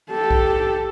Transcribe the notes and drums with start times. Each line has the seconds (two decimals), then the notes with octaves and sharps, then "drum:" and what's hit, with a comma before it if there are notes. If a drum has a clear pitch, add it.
0.11 G4 A4
0.31 drum: kick B1